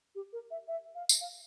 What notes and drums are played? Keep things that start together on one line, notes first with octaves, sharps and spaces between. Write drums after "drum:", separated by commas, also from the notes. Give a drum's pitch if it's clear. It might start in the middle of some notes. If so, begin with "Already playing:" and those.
G4
A#4
E5
E5
F5
drum: tambourine
F5